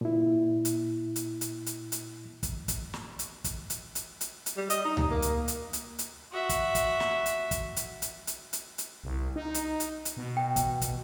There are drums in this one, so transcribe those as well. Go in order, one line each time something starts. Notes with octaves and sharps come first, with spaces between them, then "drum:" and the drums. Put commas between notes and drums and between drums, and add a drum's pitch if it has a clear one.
A#2 E4
drum: hi-hat
drum: hi-hat
drum: hi-hat
drum: hi-hat
drum: hi-hat
drum: kick, hi-hat
drum: kick, hi-hat
drum: snare
drum: hi-hat
drum: kick, hi-hat
drum: hi-hat
drum: hi-hat
drum: hi-hat
drum: hi-hat
G3
D#5, drum: hi-hat
D#4
drum: tom C#2
A#3
drum: hi-hat
drum: hi-hat
drum: hi-hat
drum: hi-hat
F#4 E5
drum: kick, hi-hat
drum: kick, hi-hat
drum: snare
drum: hi-hat
drum: kick, hi-hat
drum: hi-hat
drum: hi-hat
drum: hi-hat
drum: hi-hat
drum: hi-hat
C2
D#4
drum: hi-hat
drum: hi-hat
drum: hi-hat
B2
G5
drum: kick, hi-hat
drum: kick, hi-hat